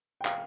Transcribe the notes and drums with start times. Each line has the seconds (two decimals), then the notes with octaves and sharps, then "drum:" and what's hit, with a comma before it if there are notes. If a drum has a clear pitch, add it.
0.21 G5
0.25 F5, drum: clap